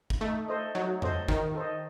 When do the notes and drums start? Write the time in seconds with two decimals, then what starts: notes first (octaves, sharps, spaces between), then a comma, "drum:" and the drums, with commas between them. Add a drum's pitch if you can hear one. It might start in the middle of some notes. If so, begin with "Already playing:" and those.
0.10 drum: kick
0.21 A3 D#4
0.48 A4 C5 D#5
0.75 F#3 D#4
1.02 A4 C5 D#5, drum: tom F2
1.28 D#3 D#4, drum: kick
1.55 A4 C5 D#5